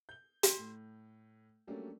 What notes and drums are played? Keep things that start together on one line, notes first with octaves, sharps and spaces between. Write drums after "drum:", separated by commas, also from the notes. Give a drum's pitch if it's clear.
G6 G7
drum: hi-hat
A2
F#3 G3 A3 A#3 C#4 D4